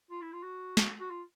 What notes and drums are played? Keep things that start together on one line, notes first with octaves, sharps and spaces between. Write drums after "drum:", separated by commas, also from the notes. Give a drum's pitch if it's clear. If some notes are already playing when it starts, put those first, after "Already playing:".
F4
E4
F4
F#4
drum: snare
F#4
F4